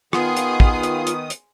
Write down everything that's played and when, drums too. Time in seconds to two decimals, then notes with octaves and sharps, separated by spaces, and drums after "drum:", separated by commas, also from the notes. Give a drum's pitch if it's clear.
0.13 D#3 B3 F4 G#4 C6 D#6, drum: rim click
0.37 drum: hi-hat
0.60 drum: kick
0.83 drum: hi-hat
1.07 drum: hi-hat
1.30 drum: hi-hat